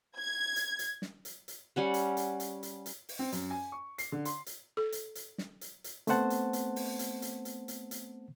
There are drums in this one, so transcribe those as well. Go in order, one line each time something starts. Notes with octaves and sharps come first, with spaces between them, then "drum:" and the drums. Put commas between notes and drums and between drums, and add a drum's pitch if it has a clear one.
G#6
drum: hi-hat
drum: hi-hat
drum: snare
drum: hi-hat
drum: hi-hat
G3 C#4 F#5
drum: hi-hat
drum: hi-hat
drum: hi-hat
drum: hi-hat
drum: hi-hat
drum: open hi-hat
C4
F#2, drum: hi-hat
G#5
C#6
C7, drum: hi-hat
D3
C6, drum: hi-hat
drum: hi-hat
A4
drum: hi-hat
drum: hi-hat
drum: snare
drum: hi-hat
drum: hi-hat
A3 B3 C4 C5 F#5 A5, drum: hi-hat
drum: hi-hat
drum: hi-hat
drum: open hi-hat
drum: hi-hat
drum: hi-hat
drum: hi-hat
drum: hi-hat
drum: hi-hat